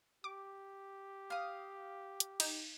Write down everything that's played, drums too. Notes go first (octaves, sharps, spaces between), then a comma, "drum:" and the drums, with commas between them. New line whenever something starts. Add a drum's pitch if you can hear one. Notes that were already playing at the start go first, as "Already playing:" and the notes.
G4 D6
F5 D#6
drum: hi-hat
D#4 G6, drum: cymbal